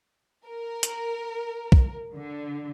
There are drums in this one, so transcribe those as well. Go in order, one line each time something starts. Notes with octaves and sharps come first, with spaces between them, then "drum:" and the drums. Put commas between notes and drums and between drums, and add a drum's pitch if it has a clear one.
A#4
drum: hi-hat
drum: kick B1
D3